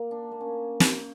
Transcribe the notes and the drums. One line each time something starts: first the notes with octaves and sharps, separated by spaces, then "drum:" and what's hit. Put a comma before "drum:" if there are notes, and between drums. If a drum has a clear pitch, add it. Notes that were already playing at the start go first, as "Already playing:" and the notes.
Already playing: A#3
D4
A#3
C#4
drum: snare